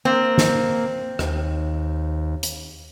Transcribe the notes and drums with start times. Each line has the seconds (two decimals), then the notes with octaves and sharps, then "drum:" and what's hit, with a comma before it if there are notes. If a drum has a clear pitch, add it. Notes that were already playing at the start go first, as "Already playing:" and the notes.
0.05 A#3 C4
0.38 drum: snare
1.19 D#2, drum: rim click
2.43 drum: hi-hat